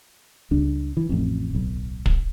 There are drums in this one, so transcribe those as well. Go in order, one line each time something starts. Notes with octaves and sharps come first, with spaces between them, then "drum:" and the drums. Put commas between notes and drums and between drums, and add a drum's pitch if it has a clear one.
C#2 G3 D4
E3
A1 F2
D1 B1
drum: kick